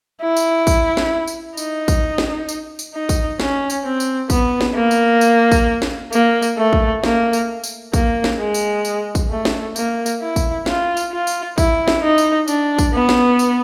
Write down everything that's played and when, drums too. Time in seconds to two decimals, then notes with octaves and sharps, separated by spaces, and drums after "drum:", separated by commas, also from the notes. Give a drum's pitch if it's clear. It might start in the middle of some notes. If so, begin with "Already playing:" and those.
0.22 E4
0.37 drum: tambourine
0.67 drum: kick, tambourine
0.97 drum: snare
1.27 drum: tambourine
1.57 D#4, drum: tambourine
1.88 drum: kick, tambourine
2.18 drum: snare
2.49 drum: tambourine
2.79 drum: tambourine
2.94 D#4
3.09 drum: kick, tambourine
3.40 C#4, drum: snare
3.70 drum: tambourine
3.85 C4
4.00 drum: tambourine
4.30 B3, drum: kick, tambourine
4.61 drum: snare
4.75 A#3
4.91 drum: tambourine
5.21 drum: tambourine
5.51 drum: kick, tambourine
5.82 drum: snare
6.13 A#3, drum: tambourine
6.42 drum: tambourine
6.58 A3
6.73 drum: kick
7.04 A#3, drum: snare
7.33 drum: tambourine
7.64 drum: tambourine
7.93 A#3, drum: kick, tambourine
8.24 drum: snare
8.39 G#3
8.54 drum: tambourine
8.85 drum: tambourine
9.15 drum: kick, tambourine
9.30 A3
9.45 drum: snare
9.76 A#3, drum: tambourine
10.06 drum: tambourine
10.21 E4
10.36 drum: kick, tambourine
10.66 F4, drum: snare
10.97 drum: tambourine
11.12 F4
11.27 drum: tambourine
11.58 E4, drum: kick, tambourine
11.88 drum: snare
12.03 D#4
12.18 drum: tambourine
12.48 D4, drum: tambourine
12.78 drum: kick, tambourine
12.93 B3
13.09 drum: snare
13.39 drum: tambourine